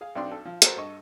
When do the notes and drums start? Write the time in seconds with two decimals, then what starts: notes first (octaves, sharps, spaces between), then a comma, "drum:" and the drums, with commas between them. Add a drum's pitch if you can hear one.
0.01 G#4 F5
0.15 B1 C4 D4 G5 C6
0.32 A4
0.45 F3
0.62 F#4 A4 A#4 C5, drum: hi-hat
0.76 G2 A4 D#5 C#6